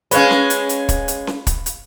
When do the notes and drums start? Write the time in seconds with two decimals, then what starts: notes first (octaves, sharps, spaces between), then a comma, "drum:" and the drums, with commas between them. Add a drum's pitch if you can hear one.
0.11 G#3 C#4 B4 C#5 F5, drum: hi-hat
0.31 drum: snare C#4
0.50 drum: hi-hat
0.69 drum: hi-hat
0.89 drum: kick, hi-hat
1.08 drum: hi-hat
1.27 drum: snare C#4
1.47 drum: kick, hi-hat
1.66 drum: hi-hat